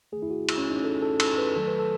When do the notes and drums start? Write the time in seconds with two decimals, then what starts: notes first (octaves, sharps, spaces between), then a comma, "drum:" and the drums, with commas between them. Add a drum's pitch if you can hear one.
0.12 D#3 A3 G#4
0.22 E4
0.30 F#4
0.49 E4, drum: cymbal
0.58 C#4
0.69 D#4
0.76 C#4
0.84 A4
1.02 A4
1.20 A4, drum: cymbal
1.38 B4
1.56 D#3 F#3 A3 A4
1.67 B4
1.79 A4